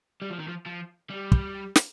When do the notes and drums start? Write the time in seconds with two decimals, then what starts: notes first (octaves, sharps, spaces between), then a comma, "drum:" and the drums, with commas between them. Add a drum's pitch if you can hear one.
0.22 G3
0.30 F3
0.40 D#3
0.48 F3
0.66 F3
1.10 G3
1.32 drum: kick
1.76 drum: snare